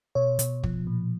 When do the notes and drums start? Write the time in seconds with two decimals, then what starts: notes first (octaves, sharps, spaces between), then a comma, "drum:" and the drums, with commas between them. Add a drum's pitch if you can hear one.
0.15 B2 C#5
0.39 B2, drum: hi-hat
0.64 F3, drum: kick
0.87 A#2